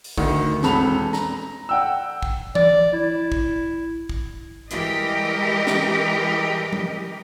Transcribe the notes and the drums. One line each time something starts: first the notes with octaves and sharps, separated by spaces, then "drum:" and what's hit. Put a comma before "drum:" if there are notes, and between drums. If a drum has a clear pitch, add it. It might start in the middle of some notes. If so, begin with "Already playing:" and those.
drum: open hi-hat
D2 D#3, drum: kick
E1 C4 A4 B5 F7, drum: snare
A#5, drum: snare
F#5 G5 E6
drum: kick
D5, drum: tom E3
E4
drum: kick
drum: kick
E3 G3 G#3 G4 A#4 D#5, drum: hi-hat
drum: snare
drum: tom F3